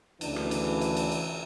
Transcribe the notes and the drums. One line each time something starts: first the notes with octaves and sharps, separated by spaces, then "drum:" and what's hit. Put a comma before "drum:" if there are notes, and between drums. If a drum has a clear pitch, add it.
D2 C#3 E3 D4, drum: cymbal
drum: rim click
drum: cymbal
drum: cymbal
drum: cymbal
drum: cymbal